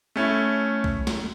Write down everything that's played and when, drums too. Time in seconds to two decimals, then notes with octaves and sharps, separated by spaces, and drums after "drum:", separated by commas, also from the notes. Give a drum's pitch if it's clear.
0.16 A3 C#4 E4
0.84 drum: kick B1
1.07 drum: snare